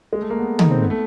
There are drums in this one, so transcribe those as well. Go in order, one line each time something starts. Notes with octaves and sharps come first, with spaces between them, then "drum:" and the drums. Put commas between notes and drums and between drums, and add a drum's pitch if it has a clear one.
G#3
A3
A#3
B3
D#4, drum: tom
C4
B3
A3